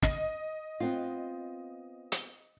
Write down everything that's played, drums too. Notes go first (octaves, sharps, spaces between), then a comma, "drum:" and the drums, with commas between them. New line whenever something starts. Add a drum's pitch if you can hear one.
D#5, drum: snare
B3 C4 F4
drum: hi-hat